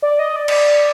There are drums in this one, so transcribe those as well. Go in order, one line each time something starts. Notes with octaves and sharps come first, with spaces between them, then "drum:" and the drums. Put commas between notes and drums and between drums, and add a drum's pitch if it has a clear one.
D5
D#5
D5
drum: cymbal